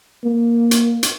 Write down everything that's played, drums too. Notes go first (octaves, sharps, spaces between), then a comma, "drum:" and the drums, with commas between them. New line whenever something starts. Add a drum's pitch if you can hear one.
A#3
drum: hi-hat
drum: hi-hat